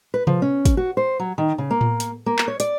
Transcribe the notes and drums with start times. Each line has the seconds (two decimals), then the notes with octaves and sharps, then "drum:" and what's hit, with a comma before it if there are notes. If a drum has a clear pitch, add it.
0.14 B4
0.27 F3, drum: tom C3
0.42 C#4
0.65 drum: kick, hi-hat
0.77 F#4
0.97 C5
1.20 F#3
1.38 D#3
1.58 C#3
1.71 A#3
1.81 drum: tom A2
2.00 drum: hi-hat
2.26 A#3
2.38 drum: clap
2.48 C#5
2.60 D5, drum: hi-hat